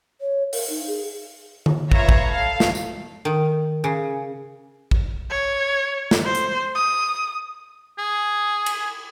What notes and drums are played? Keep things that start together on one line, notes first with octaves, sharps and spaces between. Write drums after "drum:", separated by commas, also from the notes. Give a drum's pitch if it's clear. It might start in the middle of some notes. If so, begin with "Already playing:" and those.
C#5
A#4, drum: open hi-hat
D#4
G#4
drum: tom D3
B3 F4 C#5 E5 A#5 C#6, drum: kick
drum: kick
A4 F5
drum: snare
drum: tambourine
D#3
C#3
drum: kick
C#5
drum: snare
C5
drum: hi-hat
D#6
G#4
drum: cymbal